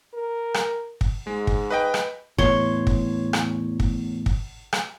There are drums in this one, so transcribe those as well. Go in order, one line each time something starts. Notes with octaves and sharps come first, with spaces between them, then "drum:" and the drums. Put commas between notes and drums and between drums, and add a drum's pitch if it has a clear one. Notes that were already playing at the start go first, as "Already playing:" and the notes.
A#4
drum: rim click
drum: kick
G#2 G#3
drum: kick
B4 D#5 G5
drum: rim click
E2 A2 C#5 C6, drum: kick
drum: kick
drum: rim click
drum: kick
drum: kick
drum: rim click